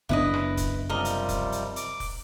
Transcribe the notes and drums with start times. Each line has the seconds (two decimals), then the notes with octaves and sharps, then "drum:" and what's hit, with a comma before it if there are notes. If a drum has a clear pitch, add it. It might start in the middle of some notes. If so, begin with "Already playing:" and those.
0.09 F#1 B3 D4 E4 B4 D#5
0.34 drum: rim click
0.57 drum: kick, hi-hat
0.90 C3 F3 G3 A#4 D#5
1.05 drum: hi-hat
1.29 drum: kick, hi-hat
1.52 drum: hi-hat
1.76 D6, drum: hi-hat
2.00 drum: kick, open hi-hat